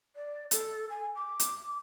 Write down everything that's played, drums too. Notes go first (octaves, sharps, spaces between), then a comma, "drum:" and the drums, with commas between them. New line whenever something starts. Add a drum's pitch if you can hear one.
D5
A4, drum: hi-hat
G#5
D6
drum: hi-hat